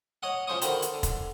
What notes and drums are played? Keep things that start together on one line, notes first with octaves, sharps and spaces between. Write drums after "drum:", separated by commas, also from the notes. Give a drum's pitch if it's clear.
C#5 D#5 F#5
C#3 F3 C5 C#6 D#6
D3 D#3 F#4 C5 A#5 B5, drum: hi-hat
drum: hi-hat
D3
drum: kick F1, hi-hat